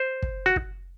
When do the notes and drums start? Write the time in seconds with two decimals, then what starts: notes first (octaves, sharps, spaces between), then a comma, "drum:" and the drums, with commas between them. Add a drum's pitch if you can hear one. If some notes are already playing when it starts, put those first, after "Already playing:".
Already playing: C5
0.22 drum: kick
0.46 F#4
0.56 drum: kick